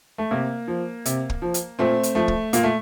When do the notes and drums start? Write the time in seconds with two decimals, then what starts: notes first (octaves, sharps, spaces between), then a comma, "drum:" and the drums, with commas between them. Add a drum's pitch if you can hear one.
0.18 A3
0.31 C3 A#3
0.68 F3
1.05 C3, drum: hi-hat
1.30 drum: kick
1.42 F3
1.54 drum: hi-hat
1.79 A#2 A3 C4
2.03 drum: hi-hat
2.15 F3 A3
2.28 drum: kick
2.53 A#2 A#3, drum: hi-hat
2.63 A3